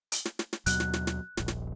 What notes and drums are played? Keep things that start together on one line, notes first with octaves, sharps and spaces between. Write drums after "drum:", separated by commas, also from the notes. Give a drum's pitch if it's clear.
drum: hi-hat
drum: snare
drum: snare
drum: snare
D#2 B2 F#3 F#6, drum: hi-hat
drum: snare
drum: snare
drum: snare
D#1 A#1, drum: snare
drum: snare